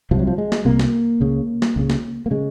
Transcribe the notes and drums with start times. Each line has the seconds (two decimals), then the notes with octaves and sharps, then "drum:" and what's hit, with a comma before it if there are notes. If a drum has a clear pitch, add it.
0.11 C2 C3 F3
0.19 F#3
0.27 F3
0.38 G#3
0.52 drum: snare
0.65 C2 C3 A#3
0.79 drum: snare
1.20 C#2 C#3
1.62 drum: snare
1.76 C#2 C#3
1.90 drum: snare
2.26 A#3
2.31 C#3 G#3